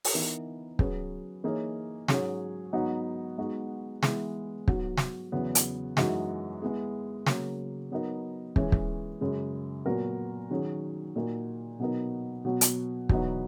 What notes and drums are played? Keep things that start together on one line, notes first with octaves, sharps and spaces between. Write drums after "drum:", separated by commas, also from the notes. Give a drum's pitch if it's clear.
drum: open hi-hat
E3 B3 D#4 A#4
F#3 C#4 G#4 B4, drum: kick
E3 A#3 D#4 G#4 C#5
G#2 F#3 C#4 G#4 C#5, drum: snare
G#2 F#3 B3 D#4 F#4
G#3 B3 D#4 F#4
E3 G#3 B3 E4, drum: snare
G#2 F#3 B3 F#4, drum: kick
drum: snare
E2 C#3 F#3 B3
drum: hi-hat
F#2 E3 G#3 D#4 F#4, drum: snare
G#3 B3 E4 G#4
C#3 F#3 A#3, drum: snare
F#3 B3 D#4 A#4
E3 G#3 C#4 G#4 C#5, drum: kick
drum: kick
F#2 C#3 G#3
A#2 F#3 B3 F#4 A#4
D#3 F#3 C#4 G#4
A#2 A#3 D#4 F#4 A#4
B2 F#3 B3 D#4 A#4
B2 F#3 B3
drum: hi-hat
E2 B2 F#3 B3 D#4, drum: kick